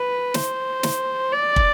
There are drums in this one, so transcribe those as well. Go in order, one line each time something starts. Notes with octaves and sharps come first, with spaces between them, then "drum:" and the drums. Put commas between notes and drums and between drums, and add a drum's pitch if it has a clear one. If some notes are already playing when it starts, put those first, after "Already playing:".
Already playing: B4
C5, drum: snare
drum: snare
D5
drum: kick